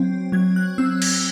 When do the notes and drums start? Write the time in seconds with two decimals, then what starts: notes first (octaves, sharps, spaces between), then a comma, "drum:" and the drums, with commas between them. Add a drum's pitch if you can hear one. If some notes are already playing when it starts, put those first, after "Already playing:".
Already playing: F#3 C4
0.32 F#3 G#6
0.56 F#6
0.78 C4 E6
1.02 G#6, drum: cymbal